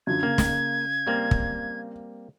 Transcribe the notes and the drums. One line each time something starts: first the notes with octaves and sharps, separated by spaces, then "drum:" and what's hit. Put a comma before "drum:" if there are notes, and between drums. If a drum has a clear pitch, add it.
F#2 D3 F3 G#6
C#3 A#3
drum: snare
G3 A#3 C4
drum: kick